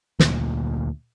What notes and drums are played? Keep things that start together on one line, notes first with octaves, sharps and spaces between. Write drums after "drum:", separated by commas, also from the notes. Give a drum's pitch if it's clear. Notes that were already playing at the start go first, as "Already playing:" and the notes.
D2 A#2, drum: snare